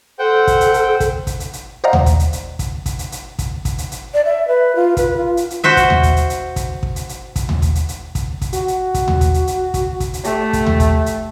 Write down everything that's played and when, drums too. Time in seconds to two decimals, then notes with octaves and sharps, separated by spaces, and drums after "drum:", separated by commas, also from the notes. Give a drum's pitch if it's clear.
0.19 A4 C5 F#5 G5
0.47 drum: kick, hi-hat
0.61 drum: hi-hat
0.74 drum: hi-hat
1.00 drum: kick, hi-hat
1.27 drum: kick, hi-hat
1.40 drum: hi-hat
1.53 drum: hi-hat
1.84 C5 D5 D#5 F5 F#5 A#5
1.93 drum: tom D#2
2.06 drum: kick, hi-hat
2.19 drum: hi-hat
2.33 drum: hi-hat
2.59 drum: kick, hi-hat
2.86 drum: kick, hi-hat
2.99 drum: hi-hat
3.12 drum: hi-hat
3.39 drum: kick, hi-hat
3.65 drum: kick, hi-hat
3.78 drum: hi-hat
3.92 drum: hi-hat
4.14 D5
4.25 E5
4.48 B4
4.76 F4
4.97 B4, drum: kick, hi-hat
5.17 F4
5.37 drum: hi-hat
5.50 drum: hi-hat
5.64 F#4 C5 E5
5.77 drum: kick, hi-hat
5.90 drum: tom D#2
6.03 drum: kick, hi-hat
6.17 drum: hi-hat
6.30 drum: hi-hat
6.56 drum: kick, hi-hat
6.83 drum: kick
6.96 drum: hi-hat
7.09 drum: hi-hat
7.36 drum: kick, hi-hat
7.49 drum: tom D#2
7.62 drum: kick, hi-hat
7.75 drum: hi-hat
7.89 drum: hi-hat
8.15 drum: kick, hi-hat
8.42 drum: kick, hi-hat
8.53 F#4, drum: hi-hat
8.68 drum: hi-hat
8.94 drum: kick, hi-hat
9.08 drum: tom D#2
9.21 drum: kick, hi-hat
9.34 drum: hi-hat
9.47 drum: hi-hat
9.74 drum: kick, hi-hat
10.00 drum: kick, hi-hat
10.14 drum: hi-hat
10.24 A3 G4, drum: hi-hat
10.53 drum: kick, hi-hat
10.66 drum: tom D#2
10.80 drum: kick, hi-hat
11.06 drum: hi-hat